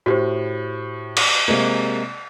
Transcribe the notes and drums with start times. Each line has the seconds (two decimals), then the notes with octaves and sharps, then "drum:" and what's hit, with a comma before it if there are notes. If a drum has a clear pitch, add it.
0.06 A2 F#4 G4 C5
1.17 drum: cymbal
1.48 C3 G#3 A#3